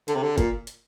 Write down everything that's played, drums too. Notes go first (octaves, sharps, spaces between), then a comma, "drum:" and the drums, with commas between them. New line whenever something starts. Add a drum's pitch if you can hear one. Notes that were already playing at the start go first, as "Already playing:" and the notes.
D3, drum: hi-hat
C3
D3
A#2, drum: kick, hi-hat
drum: hi-hat